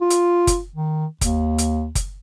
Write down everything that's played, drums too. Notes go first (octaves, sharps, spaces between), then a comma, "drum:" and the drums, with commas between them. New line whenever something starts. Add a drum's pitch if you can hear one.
F4
drum: hi-hat
drum: kick F#1, hi-hat
D#3
D#2, drum: kick F#1, hi-hat
drum: hi-hat
drum: kick F#1, hi-hat